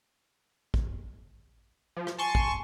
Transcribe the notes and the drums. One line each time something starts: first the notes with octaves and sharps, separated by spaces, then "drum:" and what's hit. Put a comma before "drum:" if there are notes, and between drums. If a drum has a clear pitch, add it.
drum: kick
F3
drum: rim click
G#5 A5 C6 C#6
drum: kick